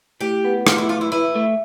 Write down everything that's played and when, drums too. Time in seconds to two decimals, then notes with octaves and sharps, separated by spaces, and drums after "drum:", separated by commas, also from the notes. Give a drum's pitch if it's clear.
0.21 A2 G4
0.45 B3
0.67 A2 F4, drum: rim click
0.78 E4
0.89 E3 F4
1.01 E4
1.12 E4 B4
1.35 A3